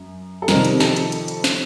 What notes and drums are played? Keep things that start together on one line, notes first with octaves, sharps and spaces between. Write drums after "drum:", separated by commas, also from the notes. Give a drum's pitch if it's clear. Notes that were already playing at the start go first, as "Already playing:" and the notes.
Already playing: F#2
A4
F2 C3 D#3 G3 C4 A#4, drum: snare
drum: hi-hat
A4, drum: snare
drum: hi-hat
drum: hi-hat
drum: hi-hat
drum: snare